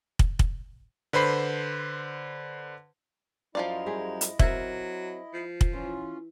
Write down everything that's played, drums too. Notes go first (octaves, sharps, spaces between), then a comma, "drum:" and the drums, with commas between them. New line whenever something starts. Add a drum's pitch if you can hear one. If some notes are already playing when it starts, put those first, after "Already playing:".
drum: kick
drum: kick
D3 B4 C5 B5 C7
F#2 F3 E4 F4 D5 D#5
G3 G4 G#4
drum: hi-hat
F#3 C4 A#4 E5, drum: kick
F3
drum: kick
E3 C#4 F4